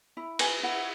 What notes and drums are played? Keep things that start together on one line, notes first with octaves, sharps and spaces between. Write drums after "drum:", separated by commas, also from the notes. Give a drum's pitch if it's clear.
E4
B4 G#5, drum: cymbal
E4 F#5